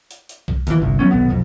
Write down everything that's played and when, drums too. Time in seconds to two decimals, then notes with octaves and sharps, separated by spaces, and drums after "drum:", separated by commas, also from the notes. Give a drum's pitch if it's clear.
0.11 drum: hi-hat
0.29 drum: hi-hat
0.48 drum: kick C2
0.67 D#2 E3, drum: hi-hat
0.80 G1 C2
0.99 F#3 B3 C#4
1.11 D#1 B1 B3
1.29 B1 F2